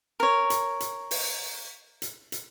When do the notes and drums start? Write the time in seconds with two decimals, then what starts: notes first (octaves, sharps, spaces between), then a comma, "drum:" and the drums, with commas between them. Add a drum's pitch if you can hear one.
0.20 A#4 C#5
0.50 drum: hi-hat
0.80 drum: hi-hat
1.11 drum: open hi-hat
2.02 drum: hi-hat
2.32 drum: hi-hat